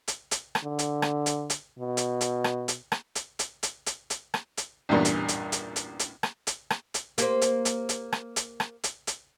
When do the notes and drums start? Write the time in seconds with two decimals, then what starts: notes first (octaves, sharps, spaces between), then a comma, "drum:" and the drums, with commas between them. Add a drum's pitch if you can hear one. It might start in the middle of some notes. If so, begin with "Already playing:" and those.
0.08 drum: hi-hat
0.31 drum: hi-hat
0.55 drum: rim click
0.64 D3
0.79 drum: hi-hat
1.02 drum: rim click
1.26 drum: hi-hat
1.50 drum: hi-hat
1.79 B2
1.97 drum: hi-hat
2.21 drum: hi-hat
2.44 drum: rim click
2.68 drum: hi-hat
2.92 drum: rim click
3.15 drum: hi-hat
3.39 drum: hi-hat
3.63 drum: hi-hat
3.86 drum: hi-hat
4.10 drum: hi-hat
4.34 drum: rim click
4.57 drum: hi-hat
4.89 A1 E2 G2 A#2
5.05 drum: hi-hat
5.28 drum: hi-hat
5.52 drum: hi-hat
5.76 drum: hi-hat
5.99 drum: hi-hat
6.23 drum: rim click
6.47 drum: hi-hat
6.70 drum: rim click
6.94 drum: hi-hat
7.18 A#3 G4 C5, drum: hi-hat
7.41 drum: hi-hat
7.65 drum: hi-hat
7.89 drum: hi-hat
8.12 drum: rim click
8.36 drum: hi-hat
8.60 drum: rim click
8.84 drum: hi-hat
9.07 drum: hi-hat